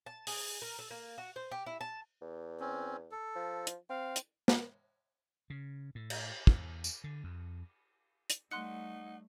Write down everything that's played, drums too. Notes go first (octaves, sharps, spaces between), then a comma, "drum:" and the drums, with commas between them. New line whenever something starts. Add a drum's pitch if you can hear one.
A5
G#4, drum: open hi-hat
A#4
A4
A#3
F#4
C5
G4
E4
A5
E2
C4 C#4
A4
F3
drum: hi-hat
C4 F5
drum: hi-hat
drum: snare
C#3
A2
drum: cymbal
E2, drum: kick
drum: tambourine
D3
F2
drum: hi-hat
G3 A3 D#4 F#5 C6 F#6 C#7